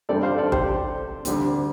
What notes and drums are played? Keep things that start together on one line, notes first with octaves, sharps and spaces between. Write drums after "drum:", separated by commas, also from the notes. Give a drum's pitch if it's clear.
G2 G3 C4 A4 D5
C5 F5
A4 D5
G4 C5, drum: kick G1
D2 D3 G3 C4, drum: hi-hat